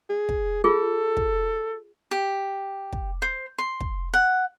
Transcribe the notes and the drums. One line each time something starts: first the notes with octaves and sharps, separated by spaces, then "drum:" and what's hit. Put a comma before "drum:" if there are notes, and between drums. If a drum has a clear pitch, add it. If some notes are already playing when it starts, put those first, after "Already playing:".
G#4
drum: kick
F4 G#4 A4
drum: kick
G4
drum: kick
C5
C6
drum: kick
F#5